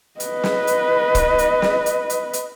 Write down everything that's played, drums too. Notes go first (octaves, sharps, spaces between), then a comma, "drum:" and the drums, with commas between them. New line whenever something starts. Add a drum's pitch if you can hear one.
B4 D#5, drum: hi-hat
drum: snare
drum: hi-hat
drum: kick, hi-hat
drum: hi-hat
drum: snare
drum: hi-hat
drum: hi-hat
drum: hi-hat